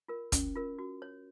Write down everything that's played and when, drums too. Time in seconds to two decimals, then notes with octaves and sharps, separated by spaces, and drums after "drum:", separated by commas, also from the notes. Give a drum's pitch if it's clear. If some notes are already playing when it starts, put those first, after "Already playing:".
0.08 F4 A#4
0.32 C#4, drum: kick, hi-hat
0.56 F4 A#4
0.79 F#4
1.02 C#5